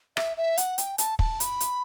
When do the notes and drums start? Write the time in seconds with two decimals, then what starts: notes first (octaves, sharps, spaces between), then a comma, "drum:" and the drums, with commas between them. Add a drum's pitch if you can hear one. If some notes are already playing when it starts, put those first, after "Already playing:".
0.17 E5, drum: rim click
0.37 E5
0.58 F#5, drum: hi-hat
0.78 G5, drum: hi-hat
0.98 A5, drum: hi-hat
1.19 A5, drum: kick
1.40 B5, drum: hi-hat
1.60 drum: hi-hat